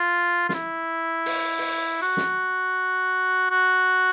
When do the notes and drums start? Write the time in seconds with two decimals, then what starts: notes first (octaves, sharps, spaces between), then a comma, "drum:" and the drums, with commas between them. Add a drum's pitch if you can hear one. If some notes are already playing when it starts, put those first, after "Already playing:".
Already playing: F4
0.49 F4, drum: snare
0.54 E4
1.26 drum: open hi-hat
1.59 drum: open hi-hat
2.02 F#4
2.17 drum: snare
3.51 F#4